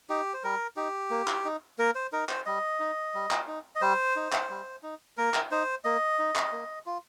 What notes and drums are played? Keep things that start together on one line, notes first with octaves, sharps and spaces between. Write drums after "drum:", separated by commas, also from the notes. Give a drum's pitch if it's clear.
D#4 G4
C5
G3 A#4
D#4 G4
A#3
drum: clap
D#4
A#3 A#4
C5
D#4 A#4
C5, drum: clap
G3 D#5
D#4
G3
drum: clap
D#4
D#5
G3 C5
D#4
drum: clap
G3
D#4
A#3 A#4
drum: clap
D#4 C5
A#3 D#5
D#4
drum: clap
A#3
F4